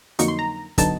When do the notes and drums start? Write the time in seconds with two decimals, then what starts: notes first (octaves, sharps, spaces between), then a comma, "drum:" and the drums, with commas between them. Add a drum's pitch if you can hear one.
0.19 F2 D3 F#3 A#3 D#4 C#6, drum: hi-hat
0.28 C6
0.39 A#5
0.78 D3 F#3 B3 D#4 A5, drum: kick, hi-hat